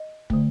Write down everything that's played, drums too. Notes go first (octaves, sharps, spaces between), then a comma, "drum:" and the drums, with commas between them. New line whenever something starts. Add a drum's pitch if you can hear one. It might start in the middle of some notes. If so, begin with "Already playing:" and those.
Already playing: D#5
D3 A3, drum: kick